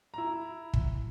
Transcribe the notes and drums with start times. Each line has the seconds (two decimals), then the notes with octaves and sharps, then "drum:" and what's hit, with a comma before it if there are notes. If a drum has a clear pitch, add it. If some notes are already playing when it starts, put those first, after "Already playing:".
0.14 E4 A#5
0.74 drum: kick